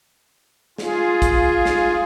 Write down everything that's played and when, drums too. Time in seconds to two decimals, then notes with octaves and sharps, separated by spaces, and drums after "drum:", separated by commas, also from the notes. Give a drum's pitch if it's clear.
0.78 F4 G#4, drum: snare
1.22 drum: kick, hi-hat
1.65 drum: snare